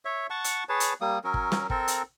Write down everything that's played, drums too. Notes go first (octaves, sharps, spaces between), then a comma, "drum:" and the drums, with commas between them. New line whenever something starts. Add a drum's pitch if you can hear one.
C#5 E5
F#5 A5 C#6
drum: hi-hat
G#4 B4 C#5 A5
drum: hi-hat
G3 A#3 D#6
F#3 C#4 A#4
drum: kick
drum: snare
C4 A4 A#4, drum: kick
drum: hi-hat